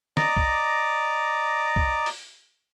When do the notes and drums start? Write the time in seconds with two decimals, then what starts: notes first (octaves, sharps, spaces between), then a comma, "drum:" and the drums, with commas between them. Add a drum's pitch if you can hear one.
0.17 D5 D#5 A#5 D6, drum: snare
0.37 drum: kick B1
1.76 drum: kick B1
2.06 drum: open hi-hat